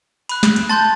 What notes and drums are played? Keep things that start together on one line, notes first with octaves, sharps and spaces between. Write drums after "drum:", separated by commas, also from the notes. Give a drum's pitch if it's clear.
B5 F#6, drum: cymbal
drum: snare
drum: cymbal
A5 C6 G6 A6